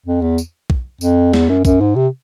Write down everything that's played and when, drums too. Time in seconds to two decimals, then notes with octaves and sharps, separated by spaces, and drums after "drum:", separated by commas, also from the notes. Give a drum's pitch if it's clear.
0.06 F2
0.22 E2
0.38 drum: tambourine
0.70 drum: kick B1
1.01 F2, drum: tambourine
1.33 E2, drum: snare
1.49 F#2
1.65 F#2, drum: kick B1, tambourine
1.81 G#2
1.96 C3